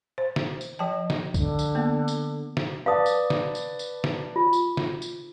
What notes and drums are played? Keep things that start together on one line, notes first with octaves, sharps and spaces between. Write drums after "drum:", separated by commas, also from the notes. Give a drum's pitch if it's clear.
C5
drum: snare
drum: tambourine
F3 D#5 G5 A5
drum: snare
D3, drum: kick, tambourine
drum: tambourine
A#3 B3
drum: tambourine
drum: snare
B4 D5 F5 A5 D#6
drum: tambourine
drum: snare
drum: tambourine
drum: tambourine
drum: snare
F4
drum: tambourine
drum: snare
drum: tambourine